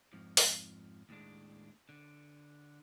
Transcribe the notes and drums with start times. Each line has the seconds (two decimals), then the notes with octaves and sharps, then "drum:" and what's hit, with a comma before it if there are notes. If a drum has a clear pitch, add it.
0.13 F2 G#2 F3
0.37 drum: open hi-hat
1.09 D#2 A2 G#3 D4
1.89 D3